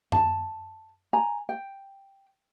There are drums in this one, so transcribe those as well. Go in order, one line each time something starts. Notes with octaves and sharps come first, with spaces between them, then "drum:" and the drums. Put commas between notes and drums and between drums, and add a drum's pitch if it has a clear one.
A5, drum: tom F#2
G#5 A#5
G5